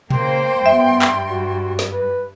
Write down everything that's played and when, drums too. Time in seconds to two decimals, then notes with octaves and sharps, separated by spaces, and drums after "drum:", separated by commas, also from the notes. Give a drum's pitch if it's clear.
0.10 C#3 A#3 C5 G5 C6, drum: tom A#2
0.66 G2 B3 E5
1.02 drum: clap
1.30 F#4
1.79 drum: snare
1.92 B4